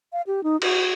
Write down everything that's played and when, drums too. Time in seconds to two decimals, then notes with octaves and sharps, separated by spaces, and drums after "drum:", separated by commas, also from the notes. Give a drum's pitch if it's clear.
0.13 F5
0.27 G4
0.44 D#4
0.62 F#4, drum: cymbal